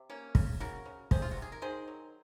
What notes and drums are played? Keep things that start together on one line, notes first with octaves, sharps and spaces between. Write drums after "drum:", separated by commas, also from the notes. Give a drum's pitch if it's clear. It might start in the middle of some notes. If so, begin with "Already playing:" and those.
Already playing: C3
A#3 C#4
C#3, drum: kick
C#3 F#4 A#4
C#3
C3 G#4 C5, drum: kick
F4
F#4
C3
G#4
A#4
D#3 G#4 C5
F#3